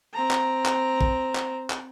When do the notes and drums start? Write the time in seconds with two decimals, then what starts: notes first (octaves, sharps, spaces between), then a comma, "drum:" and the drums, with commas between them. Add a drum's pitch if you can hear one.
0.13 C4 A#5
0.31 drum: clap
0.66 drum: clap
1.01 drum: kick
1.35 drum: clap
1.70 drum: clap